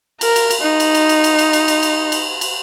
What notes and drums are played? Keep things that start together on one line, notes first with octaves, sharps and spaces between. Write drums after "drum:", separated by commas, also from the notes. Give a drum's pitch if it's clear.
A#4, drum: cymbal
drum: cymbal
drum: cymbal
D#4
drum: cymbal
drum: cymbal
drum: cymbal
drum: cymbal
drum: cymbal
drum: cymbal
drum: cymbal
drum: cymbal
drum: cymbal
drum: cymbal